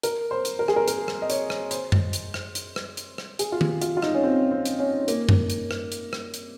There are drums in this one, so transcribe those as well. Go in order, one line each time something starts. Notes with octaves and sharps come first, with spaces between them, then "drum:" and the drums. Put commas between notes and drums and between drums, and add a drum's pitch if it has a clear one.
A#4, drum: hi-hat
C5
drum: hi-hat
A#4
G#4, drum: rim click
A#4
A#4, drum: hi-hat
drum: rim click
D#5
C#5, drum: hi-hat
drum: rim click
C5, drum: hi-hat
drum: tom F#2
drum: hi-hat
drum: rim click
drum: hi-hat
drum: rim click
drum: hi-hat
drum: rim click
G#4, drum: hi-hat
F4
G4, drum: tom D#3
F4, drum: hi-hat
F4
D#4, drum: rim click
C#4
C4
C4
drum: hi-hat
C#4
A#3, drum: hi-hat
drum: tom F#2
drum: hi-hat
drum: rim click
drum: hi-hat
drum: rim click
drum: hi-hat